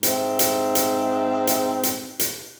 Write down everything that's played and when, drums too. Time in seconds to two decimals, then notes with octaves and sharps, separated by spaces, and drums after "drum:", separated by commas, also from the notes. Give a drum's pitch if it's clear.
0.03 G#2 C4 E5, drum: hi-hat
0.39 drum: hi-hat
0.75 drum: hi-hat
1.47 drum: hi-hat
1.83 drum: hi-hat
2.19 drum: hi-hat